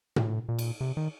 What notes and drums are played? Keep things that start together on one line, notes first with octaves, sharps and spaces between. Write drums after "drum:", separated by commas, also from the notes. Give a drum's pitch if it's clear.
A2, drum: tom A#2
A#2
drum: cymbal
C3
D#3